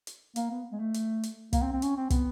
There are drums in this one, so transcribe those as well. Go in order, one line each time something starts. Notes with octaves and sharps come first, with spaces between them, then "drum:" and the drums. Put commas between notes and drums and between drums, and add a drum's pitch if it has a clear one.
drum: hi-hat
A#3, drum: hi-hat
B3
G#3
A3
drum: hi-hat
drum: hi-hat
A#3, drum: kick, hi-hat
C4
C4
C#4, drum: hi-hat
C4
B3, drum: kick, hi-hat